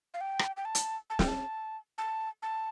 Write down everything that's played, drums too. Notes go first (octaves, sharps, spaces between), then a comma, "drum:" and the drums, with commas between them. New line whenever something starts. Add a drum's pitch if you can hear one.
F5
G5
drum: rim click
G5
A5
drum: hi-hat
A5
G5, drum: snare
A5
A5
A5